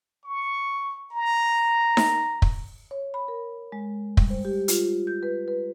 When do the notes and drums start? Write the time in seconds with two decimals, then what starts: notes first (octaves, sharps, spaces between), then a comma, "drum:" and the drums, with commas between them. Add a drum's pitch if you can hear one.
0.24 C#6
1.11 A#5
1.97 drum: snare D#4
2.42 drum: kick
2.91 C#5
3.14 B5
3.28 A#4
3.72 G#3
4.17 G3, drum: kick
4.30 C5
4.45 G4
4.68 F4, drum: hi-hat
5.07 G6
5.23 B4
5.48 B4